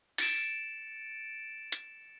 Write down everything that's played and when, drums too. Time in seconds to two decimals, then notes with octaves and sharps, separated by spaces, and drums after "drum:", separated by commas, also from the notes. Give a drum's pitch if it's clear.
0.18 A6 C#7 D7 E7, drum: open hi-hat
1.72 drum: hi-hat